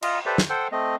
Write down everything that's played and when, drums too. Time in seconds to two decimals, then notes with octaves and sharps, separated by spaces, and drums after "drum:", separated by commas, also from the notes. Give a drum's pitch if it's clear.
0.02 F4 D#5, drum: cymbal
0.26 G4 A4 B4 C5 D5 E5
0.38 drum: snare
0.50 A4 C5 F#5 G5
0.72 A3 C4 D#5